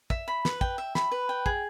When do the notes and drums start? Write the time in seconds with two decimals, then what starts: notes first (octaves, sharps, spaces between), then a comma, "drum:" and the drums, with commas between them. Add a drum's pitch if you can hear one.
0.10 E5, drum: kick
0.28 B5
0.45 B4, drum: snare
0.61 G5, drum: kick
0.78 E5
0.95 B5, drum: snare
1.11 B4
1.29 G5
1.46 G#4, drum: kick